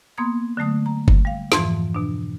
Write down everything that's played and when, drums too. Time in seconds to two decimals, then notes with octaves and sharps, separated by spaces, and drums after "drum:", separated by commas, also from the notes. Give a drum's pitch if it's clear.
0.18 A#3 B3 C6 D#6 G#6
0.57 D3 F#3 A3 D#6
0.86 A#5
1.08 drum: kick G1
1.25 G3 F5
1.52 F2 G#2 E3 F3, drum: snare
1.95 B2 D4